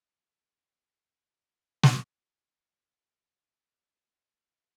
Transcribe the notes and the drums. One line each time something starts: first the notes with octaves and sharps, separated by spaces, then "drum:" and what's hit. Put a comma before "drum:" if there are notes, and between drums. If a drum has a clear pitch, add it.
C#3 G3 C4 D4 E4 A#4
drum: snare
A#3 C4 D4
F#4 G5